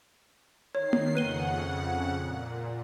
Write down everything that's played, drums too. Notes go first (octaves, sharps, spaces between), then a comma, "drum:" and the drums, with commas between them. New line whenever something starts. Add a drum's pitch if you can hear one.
D#3 C#5 C7
drum: tom A#3
F2 C#3 B4 F#5 D#7 G7
A#2